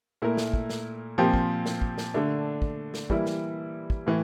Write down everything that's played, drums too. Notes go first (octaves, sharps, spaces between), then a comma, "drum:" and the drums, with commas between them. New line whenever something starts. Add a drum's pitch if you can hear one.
A#2 A3 E4 A#4
drum: snare
drum: kick
drum: snare
A#2 F3 C4 G4
drum: kick
drum: snare
drum: kick
drum: snare
D3 A3 D4
drum: kick
drum: snare
E3 G3 A#3 E4, drum: kick
drum: snare
drum: kick
A2 E3